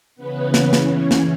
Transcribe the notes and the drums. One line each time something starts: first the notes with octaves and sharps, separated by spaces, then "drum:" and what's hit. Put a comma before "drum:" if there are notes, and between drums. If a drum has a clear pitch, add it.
C#3 E3 B3 C#4 B4
drum: snare
drum: snare
C#4 C#5
drum: snare